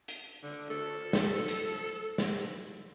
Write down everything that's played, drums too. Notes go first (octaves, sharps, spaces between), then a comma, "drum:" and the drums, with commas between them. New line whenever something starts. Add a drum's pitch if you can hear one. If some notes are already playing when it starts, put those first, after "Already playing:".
drum: hi-hat
D3
A4
drum: snare
drum: hi-hat
drum: snare